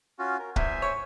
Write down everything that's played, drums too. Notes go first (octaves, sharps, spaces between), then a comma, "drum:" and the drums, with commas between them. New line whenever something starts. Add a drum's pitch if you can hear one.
C#4 F4 F#4
A#4
E2 C5 E5 G#5, drum: kick C#1
C#5